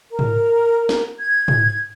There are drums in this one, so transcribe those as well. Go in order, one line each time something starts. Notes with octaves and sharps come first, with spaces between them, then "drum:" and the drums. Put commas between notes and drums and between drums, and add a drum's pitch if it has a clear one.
A#4
drum: tom
drum: snare
G#6
drum: tom